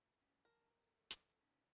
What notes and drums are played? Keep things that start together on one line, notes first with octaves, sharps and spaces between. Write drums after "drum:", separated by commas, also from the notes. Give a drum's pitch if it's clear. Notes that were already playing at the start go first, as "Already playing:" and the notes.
B3 C#4
A#4 A5
B3 A4
drum: hi-hat
C#4 D#4